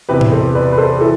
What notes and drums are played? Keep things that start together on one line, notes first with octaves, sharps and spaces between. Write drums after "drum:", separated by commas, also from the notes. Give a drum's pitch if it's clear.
E2 C3 E3 G4 B4
drum: tom A2
A4 C5
B4 D5
B4
A4 C5
E3 A4